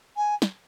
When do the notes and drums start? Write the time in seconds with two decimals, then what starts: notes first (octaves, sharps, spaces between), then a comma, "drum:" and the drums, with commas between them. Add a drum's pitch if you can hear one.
0.17 G#5
0.42 drum: snare